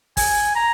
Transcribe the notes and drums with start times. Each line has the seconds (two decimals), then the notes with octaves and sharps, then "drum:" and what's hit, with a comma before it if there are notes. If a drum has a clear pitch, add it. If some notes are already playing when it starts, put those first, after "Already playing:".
0.17 G#5, drum: kick, open hi-hat
0.56 A#5